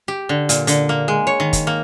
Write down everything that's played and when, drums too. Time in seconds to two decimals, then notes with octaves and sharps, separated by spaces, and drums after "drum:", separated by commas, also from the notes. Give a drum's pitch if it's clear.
0.08 G4
0.29 D3
0.49 A#2, drum: hi-hat
0.67 D3, drum: hi-hat
0.89 A#3
1.08 G#3
1.27 C#5
1.40 D#3
1.53 drum: kick, hi-hat
1.67 A#3